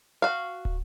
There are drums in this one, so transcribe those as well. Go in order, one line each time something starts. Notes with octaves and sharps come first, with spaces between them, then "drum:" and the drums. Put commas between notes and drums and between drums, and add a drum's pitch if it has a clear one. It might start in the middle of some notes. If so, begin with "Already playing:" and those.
F#4 F5
drum: kick